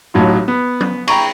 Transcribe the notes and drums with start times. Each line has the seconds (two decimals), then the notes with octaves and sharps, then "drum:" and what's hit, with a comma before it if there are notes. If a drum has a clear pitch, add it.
0.14 A1 A2 F#3 D#4 F4
0.48 B3
0.80 drum: tom F#3
1.08 G5 A#5 B5 C#6, drum: cymbal